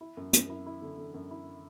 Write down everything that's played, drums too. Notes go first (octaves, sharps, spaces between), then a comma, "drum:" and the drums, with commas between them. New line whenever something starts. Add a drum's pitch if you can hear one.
E4
F#2
F#2, drum: hi-hat
E4
E4
D3
D3
F#2
E4